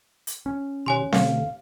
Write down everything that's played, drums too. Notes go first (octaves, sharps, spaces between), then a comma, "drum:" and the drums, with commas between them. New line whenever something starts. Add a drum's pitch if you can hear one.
drum: hi-hat
C#4
B2 D#3 G4 C#5 G#5 C6
B2 D3 A3 F5, drum: snare C4